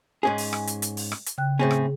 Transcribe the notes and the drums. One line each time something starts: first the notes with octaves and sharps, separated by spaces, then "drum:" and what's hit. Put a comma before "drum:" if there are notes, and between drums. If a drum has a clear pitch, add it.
G#2 C#4 G#4
drum: open hi-hat
drum: rim click
drum: hi-hat
drum: hi-hat
drum: open hi-hat
drum: rim click
drum: hi-hat
C#3 G5 F#6
A2 C4 C#4 G#4
drum: rim click